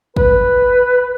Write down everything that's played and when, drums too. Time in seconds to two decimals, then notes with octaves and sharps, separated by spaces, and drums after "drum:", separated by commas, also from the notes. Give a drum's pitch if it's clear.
0.16 B4, drum: kick